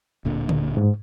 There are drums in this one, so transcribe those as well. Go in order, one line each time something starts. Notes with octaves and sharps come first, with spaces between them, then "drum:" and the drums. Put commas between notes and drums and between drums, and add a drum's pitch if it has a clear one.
D1 A#2 D3
drum: tom D3
G#2